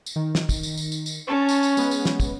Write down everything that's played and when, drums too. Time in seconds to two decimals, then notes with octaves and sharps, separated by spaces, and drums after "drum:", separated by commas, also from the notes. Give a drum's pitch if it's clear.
0.06 drum: tambourine
0.16 D#3
0.35 drum: snare
0.49 drum: kick, tambourine
0.63 drum: tambourine
0.77 drum: tambourine
0.92 drum: tambourine
1.06 drum: tambourine
1.28 C#4 A5 C#6
1.49 drum: tambourine
1.63 drum: tambourine
1.77 G#3 B3, drum: tambourine
1.91 drum: tambourine
2.05 drum: snare
2.20 drum: kick, tambourine